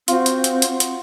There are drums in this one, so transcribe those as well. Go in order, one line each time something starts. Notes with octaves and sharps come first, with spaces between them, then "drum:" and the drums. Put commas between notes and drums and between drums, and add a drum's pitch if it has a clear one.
C4 F4 F#4, drum: hi-hat
drum: hi-hat
drum: hi-hat
drum: hi-hat
drum: hi-hat